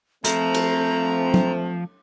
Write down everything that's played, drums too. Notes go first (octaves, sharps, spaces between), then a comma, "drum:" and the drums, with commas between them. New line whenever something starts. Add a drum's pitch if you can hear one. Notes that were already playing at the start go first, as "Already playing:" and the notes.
F3 A3 C4 A#5, drum: hi-hat
drum: cymbal
drum: tom